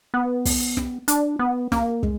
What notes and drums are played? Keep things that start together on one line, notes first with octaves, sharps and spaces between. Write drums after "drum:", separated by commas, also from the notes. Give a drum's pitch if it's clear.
B3
drum: kick, open hi-hat
drum: snare
D4, drum: hi-hat
B3
A#3, drum: snare
G#3, drum: kick